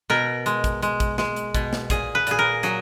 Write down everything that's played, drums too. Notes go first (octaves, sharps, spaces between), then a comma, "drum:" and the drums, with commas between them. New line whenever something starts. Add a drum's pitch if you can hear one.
B2 A#4
G#3, drum: hi-hat
drum: kick, hi-hat
G#3, drum: hi-hat
drum: kick, hi-hat
G#3, drum: snare
drum: hi-hat
B2, drum: kick, hi-hat
drum: snare
A#2 G#4, drum: kick, hi-hat
B4
A#2 G#4, drum: hi-hat
A#4
F#3 G#4, drum: hi-hat